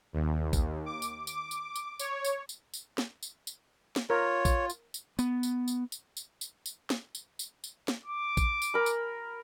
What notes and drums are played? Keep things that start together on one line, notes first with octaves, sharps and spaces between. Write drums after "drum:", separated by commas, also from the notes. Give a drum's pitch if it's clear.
D#2
drum: kick A#1, tambourine
D6
drum: tambourine
D6, drum: tambourine
drum: tambourine
drum: tambourine
C#5, drum: tambourine
drum: tambourine
drum: tambourine
drum: tambourine
drum: snare
drum: tambourine
drum: tambourine
drum: snare
F4 A#4 C#5
drum: kick A#1, tambourine
drum: tambourine
drum: tambourine
B3, drum: tambourine
drum: tambourine
drum: tambourine
drum: tambourine
drum: tambourine
drum: tambourine
drum: tambourine
drum: snare
drum: tambourine
drum: tambourine
drum: tambourine
drum: snare
D6
drum: kick A#1, tambourine
drum: tambourine
A#4 B5
drum: tambourine